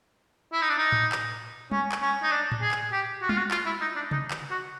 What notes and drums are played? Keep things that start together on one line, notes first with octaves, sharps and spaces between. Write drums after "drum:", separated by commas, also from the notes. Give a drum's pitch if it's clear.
E4
D#4
D4
D#4
drum: tom A2
drum: clap
C#4, drum: tom G3
drum: clap
C#4
D#4
D4
drum: tom A2
G#4
drum: clap
G4
F#4
F4, drum: tom G3
F#4
F4, drum: clap
E4
D#4
D4
D#4, drum: tom C3
drum: clap
F#4